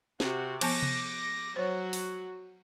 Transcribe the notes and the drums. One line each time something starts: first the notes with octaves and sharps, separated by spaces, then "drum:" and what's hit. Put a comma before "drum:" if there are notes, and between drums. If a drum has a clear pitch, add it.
C3 F#4, drum: snare
F3 B3 A5 D6 A#6, drum: cymbal
drum: tom C3
F#3 F#4 C5 C#5
drum: open hi-hat